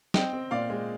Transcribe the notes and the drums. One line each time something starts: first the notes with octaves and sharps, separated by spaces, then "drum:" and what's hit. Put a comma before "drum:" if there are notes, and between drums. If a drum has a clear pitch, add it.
C4 D#5 G5, drum: snare
C4
A#2 D5 F5
G#3